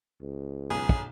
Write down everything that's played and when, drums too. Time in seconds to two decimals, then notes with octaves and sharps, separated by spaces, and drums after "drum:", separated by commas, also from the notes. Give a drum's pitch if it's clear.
0.21 C#2
0.70 B1 G#4
0.89 drum: kick